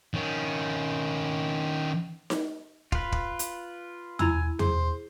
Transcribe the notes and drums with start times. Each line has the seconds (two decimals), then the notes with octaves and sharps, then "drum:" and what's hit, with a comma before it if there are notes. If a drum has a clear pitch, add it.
0.14 D#3 C#4
2.30 drum: snare D#4
2.92 F4 B4, drum: kick
3.12 drum: kick
3.39 drum: hi-hat
4.19 E4 G#5 B5 E6, drum: tom E2
4.59 G#4 C5, drum: tom E2